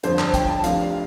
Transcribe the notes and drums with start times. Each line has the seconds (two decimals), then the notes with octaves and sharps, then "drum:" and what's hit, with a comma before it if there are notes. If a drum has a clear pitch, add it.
0.03 G1 F2 D3 F3 D4 C5, drum: hi-hat
0.19 A5, drum: clap
0.34 G5, drum: kick, hi-hat
0.49 A5
0.64 F1 F2 F3 D4 F5, drum: hi-hat